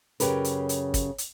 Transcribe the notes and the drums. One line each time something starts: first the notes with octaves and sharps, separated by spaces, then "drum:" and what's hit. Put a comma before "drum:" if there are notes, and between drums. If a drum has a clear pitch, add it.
F#2 A#2 C#3 G4 A#4 B4, drum: hi-hat
drum: hi-hat
drum: hi-hat
drum: kick, hi-hat
drum: hi-hat